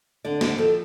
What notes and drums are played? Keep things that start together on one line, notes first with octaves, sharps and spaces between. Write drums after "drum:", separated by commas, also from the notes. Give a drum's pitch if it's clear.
D3 D5
D#2 C5, drum: snare
F3 A4